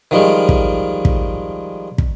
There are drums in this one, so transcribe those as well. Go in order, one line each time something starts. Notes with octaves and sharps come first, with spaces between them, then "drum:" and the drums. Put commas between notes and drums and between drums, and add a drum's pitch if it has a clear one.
D#3 F3 G3 G#3
drum: kick
drum: kick
drum: kick